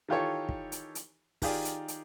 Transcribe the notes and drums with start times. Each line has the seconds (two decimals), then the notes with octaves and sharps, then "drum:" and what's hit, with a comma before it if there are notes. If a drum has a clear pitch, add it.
0.08 D#3 E3 F4 G4 A4 C#5
0.49 drum: kick
0.72 drum: hi-hat
0.95 drum: hi-hat
1.42 D#3 F4 G4 G#4 D5, drum: kick, open hi-hat
1.65 drum: hi-hat
1.88 drum: hi-hat